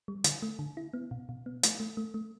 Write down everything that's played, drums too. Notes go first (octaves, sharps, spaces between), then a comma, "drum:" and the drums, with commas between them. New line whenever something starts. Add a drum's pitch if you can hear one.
G3
D3, drum: hi-hat
A3
D3
E4
B3
B2
B2
B3
A3, drum: hi-hat
A3
A3
A3